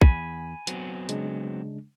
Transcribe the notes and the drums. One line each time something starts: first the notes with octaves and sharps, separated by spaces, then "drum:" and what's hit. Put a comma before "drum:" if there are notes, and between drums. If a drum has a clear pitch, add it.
E2 G#5 B5, drum: kick
F#3 B3 C4, drum: hi-hat
C#3 G#3 D4, drum: hi-hat